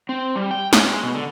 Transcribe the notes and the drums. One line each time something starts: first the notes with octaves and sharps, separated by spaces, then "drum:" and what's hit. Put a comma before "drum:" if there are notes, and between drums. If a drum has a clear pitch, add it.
C4
G3
G5
C#4, drum: snare
G#3
B2
D3